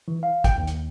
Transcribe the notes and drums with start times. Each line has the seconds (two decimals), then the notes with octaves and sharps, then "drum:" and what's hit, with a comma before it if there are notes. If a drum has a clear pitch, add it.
0.08 E3
0.23 F5
0.44 G5, drum: kick, hi-hat
0.58 D#2
0.67 drum: hi-hat